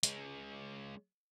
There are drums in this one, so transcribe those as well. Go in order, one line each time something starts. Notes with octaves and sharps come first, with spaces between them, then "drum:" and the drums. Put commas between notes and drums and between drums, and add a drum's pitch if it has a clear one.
G#3 C#4, drum: hi-hat